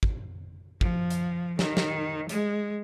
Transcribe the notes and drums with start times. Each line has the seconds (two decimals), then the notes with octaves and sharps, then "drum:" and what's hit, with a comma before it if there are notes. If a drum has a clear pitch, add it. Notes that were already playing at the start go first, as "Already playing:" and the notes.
0.03 drum: kick
0.81 F3, drum: kick
1.10 drum: hi-hat
1.59 D#3, drum: snare
1.77 drum: snare
2.29 G#3, drum: hi-hat